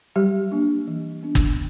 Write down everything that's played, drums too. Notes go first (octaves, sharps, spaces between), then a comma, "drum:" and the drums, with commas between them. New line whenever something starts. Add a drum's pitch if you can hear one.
F#3 G3 G4
A#3 D4
E3
B3 D4
drum: kick